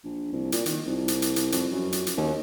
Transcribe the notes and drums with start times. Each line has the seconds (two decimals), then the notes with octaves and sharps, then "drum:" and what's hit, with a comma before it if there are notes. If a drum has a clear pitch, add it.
0.04 A#1
0.32 C2
0.52 A#2, drum: hi-hat
0.66 D#3, drum: hi-hat
0.87 C2
1.08 drum: hi-hat
1.22 drum: hi-hat
1.36 drum: hi-hat
1.52 F2, drum: hi-hat
1.71 F#2
1.92 drum: hi-hat
2.07 drum: hi-hat
2.17 D#2